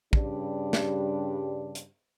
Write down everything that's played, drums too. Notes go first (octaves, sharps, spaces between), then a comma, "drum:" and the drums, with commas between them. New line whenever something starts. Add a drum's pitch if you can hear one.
G2 C#3 G3 D4, drum: kick
drum: snare
drum: hi-hat